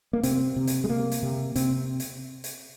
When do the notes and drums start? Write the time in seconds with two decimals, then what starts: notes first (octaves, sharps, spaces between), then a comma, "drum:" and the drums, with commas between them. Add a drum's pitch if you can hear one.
0.13 A#3
0.23 C3 C4, drum: hi-hat
0.56 C3
0.67 drum: hi-hat
0.84 G#3
0.89 C3 A#3
1.11 drum: hi-hat
1.23 C3
1.56 C3 C4, drum: hi-hat
2.00 drum: hi-hat
2.44 drum: hi-hat